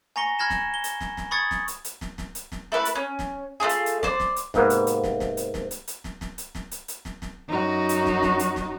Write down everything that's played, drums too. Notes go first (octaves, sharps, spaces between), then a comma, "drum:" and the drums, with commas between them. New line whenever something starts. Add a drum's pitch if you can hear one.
G#5 A#5 C#6 A#6 C#7 G7
B5 F6 G#6 A#6 E7
drum: snare
G7
drum: hi-hat
drum: snare
drum: snare
B5 C#6 D#6 G#6 A6 C#7
drum: snare
drum: hi-hat
drum: hi-hat
drum: snare
drum: snare
drum: hi-hat
drum: snare
A3 E4 B4 B5
drum: hi-hat
C#4
drum: snare
A3 C#4 F4 G#4
drum: hi-hat
drum: hi-hat
C5 D5, drum: snare
drum: snare
drum: hi-hat
G#2 C3 A#3 B3, drum: snare
drum: hi-hat
drum: hi-hat
drum: snare
drum: snare
drum: hi-hat
drum: snare
drum: hi-hat
drum: hi-hat
drum: snare
drum: snare
drum: hi-hat
drum: snare
drum: hi-hat
drum: hi-hat
drum: snare
drum: snare
F#2 D#4 F#4
drum: hi-hat
drum: snare
drum: snare
drum: hi-hat
drum: snare